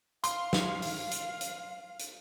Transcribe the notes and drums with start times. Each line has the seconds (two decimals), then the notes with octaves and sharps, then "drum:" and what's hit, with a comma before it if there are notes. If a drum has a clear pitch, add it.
0.24 F5 C6, drum: hi-hat
0.53 drum: snare
0.82 drum: open hi-hat
1.11 drum: hi-hat
1.41 drum: hi-hat
1.99 drum: hi-hat